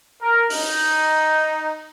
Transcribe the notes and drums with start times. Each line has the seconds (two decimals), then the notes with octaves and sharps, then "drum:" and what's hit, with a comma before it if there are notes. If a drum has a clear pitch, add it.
0.20 A#4
0.50 D#4, drum: open hi-hat